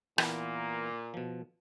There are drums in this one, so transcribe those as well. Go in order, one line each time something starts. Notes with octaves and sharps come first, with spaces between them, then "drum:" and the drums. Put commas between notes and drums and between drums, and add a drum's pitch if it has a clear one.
A#2 E3 A#3 B3, drum: rim click
B2 F3